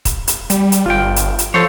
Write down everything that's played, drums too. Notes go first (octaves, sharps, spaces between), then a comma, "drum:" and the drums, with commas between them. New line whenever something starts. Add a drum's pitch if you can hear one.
drum: kick, hi-hat
drum: hi-hat
G3, drum: hi-hat
drum: hi-hat
G1 F4 G5
drum: hi-hat
drum: hi-hat
F3 A4 C5 C#5